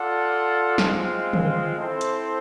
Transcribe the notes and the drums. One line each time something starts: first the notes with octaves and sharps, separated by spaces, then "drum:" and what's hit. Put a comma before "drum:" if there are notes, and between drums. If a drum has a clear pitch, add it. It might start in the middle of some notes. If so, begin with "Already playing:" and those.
Already playing: F4 A4 D5 F#5
G#3 C4 F4, drum: snare
drum: tom D3
C4 E4 A4 C5
drum: hi-hat